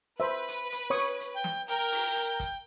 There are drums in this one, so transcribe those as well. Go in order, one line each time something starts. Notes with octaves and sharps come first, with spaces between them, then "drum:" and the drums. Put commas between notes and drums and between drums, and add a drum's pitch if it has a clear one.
B4 C5 E5
drum: hi-hat
drum: hi-hat
C#5 C#6 D#6
drum: hi-hat
G5
drum: snare
A#4 G5, drum: hi-hat
drum: open hi-hat
drum: hi-hat
drum: kick, hi-hat